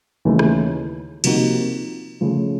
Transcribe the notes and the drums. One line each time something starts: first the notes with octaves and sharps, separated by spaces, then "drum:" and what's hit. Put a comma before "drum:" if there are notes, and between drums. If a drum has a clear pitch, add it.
D#2 C#3 E3 A3 C#4
drum: rim click
C3 F3 A#3 D#4 F#4, drum: cymbal
C#3 F3 A3